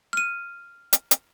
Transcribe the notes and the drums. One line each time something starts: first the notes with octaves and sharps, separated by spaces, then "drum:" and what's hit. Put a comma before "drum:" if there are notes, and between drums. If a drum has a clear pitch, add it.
F6 D#7
drum: hi-hat
drum: hi-hat